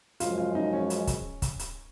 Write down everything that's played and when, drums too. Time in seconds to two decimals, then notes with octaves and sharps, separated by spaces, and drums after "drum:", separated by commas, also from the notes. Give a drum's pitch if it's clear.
0.20 F#2 F3 G#3 F4, drum: hi-hat
0.38 F4
0.55 D#4
0.73 C#4
0.90 drum: hi-hat
1.07 drum: kick, hi-hat
1.42 drum: kick, hi-hat
1.59 drum: hi-hat